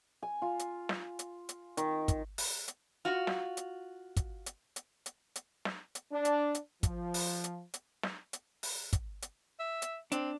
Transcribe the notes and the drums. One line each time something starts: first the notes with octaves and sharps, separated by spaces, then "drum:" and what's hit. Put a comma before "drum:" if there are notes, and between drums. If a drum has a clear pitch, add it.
G#5
F4
drum: hi-hat
drum: snare
drum: hi-hat
drum: hi-hat
D#3, drum: hi-hat
drum: kick, hi-hat
drum: open hi-hat
drum: hi-hat
F4 F#4
drum: snare
drum: hi-hat
drum: kick, hi-hat
drum: hi-hat
drum: hi-hat
drum: hi-hat
drum: hi-hat
drum: snare
drum: hi-hat
D4
drum: hi-hat
drum: hi-hat
F3, drum: kick, hi-hat
drum: open hi-hat
drum: hi-hat
drum: hi-hat
drum: snare
drum: hi-hat
drum: open hi-hat
drum: kick, hi-hat
drum: hi-hat
E5
drum: hi-hat
C4 D4, drum: hi-hat